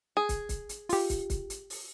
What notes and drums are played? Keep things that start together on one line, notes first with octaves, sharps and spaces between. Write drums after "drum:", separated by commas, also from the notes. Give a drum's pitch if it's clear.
G#4
drum: kick, hi-hat
drum: kick, hi-hat
drum: hi-hat
F4 G4, drum: open hi-hat
drum: kick, hi-hat
drum: kick, hi-hat
drum: hi-hat
drum: open hi-hat